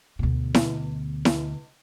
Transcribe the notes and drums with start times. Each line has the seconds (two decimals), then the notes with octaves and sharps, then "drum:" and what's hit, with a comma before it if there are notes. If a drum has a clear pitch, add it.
0.19 D2 B2
0.55 drum: snare E4
1.25 drum: snare E4